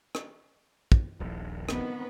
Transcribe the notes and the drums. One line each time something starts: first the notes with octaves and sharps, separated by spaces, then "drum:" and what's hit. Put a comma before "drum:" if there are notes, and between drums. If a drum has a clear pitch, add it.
drum: rim click
drum: kick
D#1 A#1
D#3 B3 C4, drum: rim click